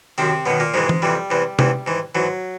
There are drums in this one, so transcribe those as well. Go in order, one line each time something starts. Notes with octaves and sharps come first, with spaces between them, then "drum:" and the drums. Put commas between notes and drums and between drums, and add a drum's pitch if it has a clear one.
F#2 C3 D#3 C4
F#2 B2 D#3 B3
A#2 A#3
F2 G#2 C3 E3 G#3
drum: tom E3
F2 C3 E3 G3
E2 C3 E3
E2 C3 E3, drum: tom C3
G#2 E3
G#2 E3 F#3